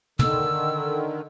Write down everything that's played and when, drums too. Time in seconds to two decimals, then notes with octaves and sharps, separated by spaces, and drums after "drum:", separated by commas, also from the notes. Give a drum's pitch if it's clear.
0.19 D3 D#3 E6, drum: tom